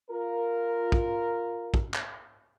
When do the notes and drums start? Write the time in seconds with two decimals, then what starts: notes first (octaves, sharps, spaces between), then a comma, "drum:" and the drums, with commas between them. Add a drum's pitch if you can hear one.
0.11 F4 A#4
0.92 drum: kick
1.74 drum: kick
1.94 drum: clap